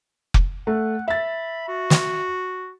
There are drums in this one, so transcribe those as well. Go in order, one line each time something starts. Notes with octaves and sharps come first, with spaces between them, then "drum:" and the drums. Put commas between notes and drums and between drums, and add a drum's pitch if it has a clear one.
drum: kick F1
A3 F#5
E5 B5 A6
F#4
drum: snare